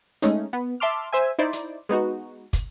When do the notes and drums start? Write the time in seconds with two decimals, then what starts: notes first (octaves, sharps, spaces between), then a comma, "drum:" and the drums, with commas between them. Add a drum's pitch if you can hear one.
0.22 G#3 A3 C#4 D#4, drum: hi-hat
0.53 B3
0.80 E5 A5 C6 D6 F6
1.13 C5 E5 G#5
1.38 D#4 E4 C5 D5
1.53 drum: hi-hat
1.89 G#3 B3 D#4 F#4
2.53 drum: kick, hi-hat